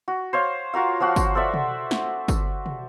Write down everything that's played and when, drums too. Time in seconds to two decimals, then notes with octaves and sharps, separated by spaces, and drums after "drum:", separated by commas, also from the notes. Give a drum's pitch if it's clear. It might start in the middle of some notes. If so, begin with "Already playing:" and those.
0.08 F#4
0.33 C5 C#5 F5
0.73 F4 F#4 A#4 F5
1.00 F3 F4 F#4 F#5
1.16 drum: kick, tambourine
1.35 A4 C5 D5 E5
1.54 drum: tom
1.91 drum: snare
2.28 drum: kick, tambourine
2.66 drum: tom